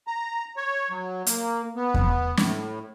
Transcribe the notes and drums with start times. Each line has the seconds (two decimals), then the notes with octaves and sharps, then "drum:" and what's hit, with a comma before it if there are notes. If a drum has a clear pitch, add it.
0.07 A#5
0.56 C#5
0.90 F#3
1.27 A#3, drum: hi-hat
1.76 B3
1.94 drum: kick E2
2.37 A2, drum: snare